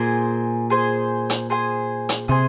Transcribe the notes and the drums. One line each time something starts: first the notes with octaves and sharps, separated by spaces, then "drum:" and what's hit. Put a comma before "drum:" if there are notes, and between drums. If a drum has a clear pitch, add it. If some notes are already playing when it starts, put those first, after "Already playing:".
Already playing: A#2 G#4 C5 G#5
G#4 C5 G#5
drum: hi-hat
G#4 C5 G#5
drum: hi-hat
C3 G#4 C5 G#5